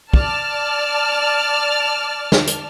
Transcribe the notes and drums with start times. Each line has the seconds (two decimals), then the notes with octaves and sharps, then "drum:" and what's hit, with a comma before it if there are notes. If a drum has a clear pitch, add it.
0.14 D5 A5 F6, drum: kick
2.32 drum: snare
2.47 drum: hi-hat